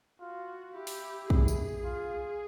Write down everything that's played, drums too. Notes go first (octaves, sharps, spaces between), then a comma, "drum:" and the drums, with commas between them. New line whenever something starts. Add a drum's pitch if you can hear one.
F4 F#4
E4 G4
drum: open hi-hat
G#4, drum: kick
drum: tambourine
F4